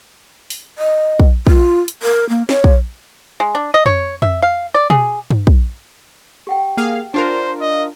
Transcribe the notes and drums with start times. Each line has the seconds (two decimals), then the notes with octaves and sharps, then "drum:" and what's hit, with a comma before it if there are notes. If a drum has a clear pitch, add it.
0.50 drum: open hi-hat
0.78 D#5
1.20 drum: kick
1.47 F4, drum: kick
1.88 drum: hi-hat
2.03 A#4
2.29 A#3
2.49 C#5, drum: snare
2.64 drum: kick
3.40 G#3
3.55 D4
3.74 D#5
3.86 C#5, drum: tom F2
4.22 E5, drum: tom F2
4.42 F5
4.74 D5
4.90 G#4, drum: tom B2
5.31 drum: tom G2
5.47 drum: kick
6.47 G4 F#5 G5
6.77 A#3 G#4 F5
7.14 D4 F4 A#4 C5
7.61 D#5